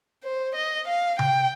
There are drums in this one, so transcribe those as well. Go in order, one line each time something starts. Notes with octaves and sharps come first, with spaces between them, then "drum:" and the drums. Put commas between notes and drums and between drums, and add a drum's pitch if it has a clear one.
C5
D#5
F5
G5, drum: tom C3